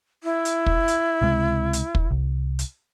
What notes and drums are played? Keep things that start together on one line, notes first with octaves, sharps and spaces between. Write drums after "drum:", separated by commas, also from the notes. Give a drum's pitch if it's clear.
E4
drum: hi-hat
drum: kick
drum: hi-hat
C#2 C3 G#3
drum: hi-hat
drum: kick
C2
drum: hi-hat